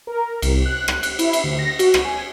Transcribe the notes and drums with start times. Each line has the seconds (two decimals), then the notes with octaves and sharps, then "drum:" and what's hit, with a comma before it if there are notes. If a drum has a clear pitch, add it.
0.07 A#4
0.42 C2, drum: cymbal
0.66 F#6
0.88 drum: rim click
1.03 drum: cymbal
1.19 E4, drum: cymbal
1.33 drum: cymbal
1.44 D2
1.59 A#6
1.79 F#4, drum: cymbal
1.94 drum: rim click
2.04 G#5